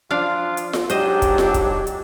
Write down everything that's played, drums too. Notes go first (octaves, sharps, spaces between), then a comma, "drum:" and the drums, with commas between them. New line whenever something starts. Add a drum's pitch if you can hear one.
F3 D4 F4 D5 F5
drum: hi-hat
drum: snare F4
G#2 F#3 D4 G4 C5 D#5, drum: hi-hat
drum: kick, hi-hat
drum: snare F4
drum: kick, hi-hat
drum: hi-hat